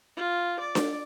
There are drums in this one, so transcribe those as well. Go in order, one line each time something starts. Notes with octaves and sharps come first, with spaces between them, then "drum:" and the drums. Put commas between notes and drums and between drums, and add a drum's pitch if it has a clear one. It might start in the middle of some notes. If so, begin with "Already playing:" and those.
F4
D5
drum: snare D4